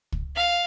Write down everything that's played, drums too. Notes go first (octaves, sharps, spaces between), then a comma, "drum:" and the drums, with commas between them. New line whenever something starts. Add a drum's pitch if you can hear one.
drum: kick
F5